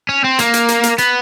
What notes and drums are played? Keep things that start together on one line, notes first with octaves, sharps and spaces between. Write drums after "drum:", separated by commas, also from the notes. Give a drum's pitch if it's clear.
C#4
C4
A#3, drum: hi-hat
drum: hi-hat
drum: hi-hat
drum: hi-hat
B3, drum: hi-hat